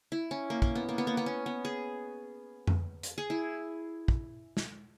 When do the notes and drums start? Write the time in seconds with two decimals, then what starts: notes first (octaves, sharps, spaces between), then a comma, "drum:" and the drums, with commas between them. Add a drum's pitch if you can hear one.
0.12 E4
0.31 C#4
0.50 A#3
0.62 A#3, drum: kick
0.75 B3
0.89 A#3
0.98 B3
1.07 A#3
1.17 B3
1.26 C#4
1.46 B3
1.65 G#4
2.67 drum: tom F2
3.03 drum: hi-hat
3.18 G#4
3.30 E4
4.08 drum: kick
4.57 drum: snare